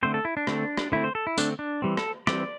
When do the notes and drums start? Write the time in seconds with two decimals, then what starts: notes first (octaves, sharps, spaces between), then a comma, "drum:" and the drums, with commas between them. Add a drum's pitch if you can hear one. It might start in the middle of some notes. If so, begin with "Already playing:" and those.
0.03 D3 A3 C4 C5
0.14 A4
0.25 E4
0.37 D4
0.47 D3 A3 C4, drum: rim click
0.77 drum: rim click
0.92 D3 A3 C4 E4
1.04 C5
1.15 A4
1.27 E4
1.38 D3 A3 C4 D4, drum: tambourine
1.59 D4
1.82 E3 G3 C4
1.97 A4, drum: rim click
2.27 E3 G3 C4 D5, drum: rim click